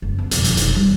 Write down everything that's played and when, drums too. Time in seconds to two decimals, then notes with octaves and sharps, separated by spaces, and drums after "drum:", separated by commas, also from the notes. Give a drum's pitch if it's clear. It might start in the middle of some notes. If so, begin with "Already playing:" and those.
0.02 F#1
0.19 B3
0.31 B1 F2, drum: hi-hat
0.44 D3 F3, drum: hi-hat
0.57 E1 D#3, drum: hi-hat
0.75 G3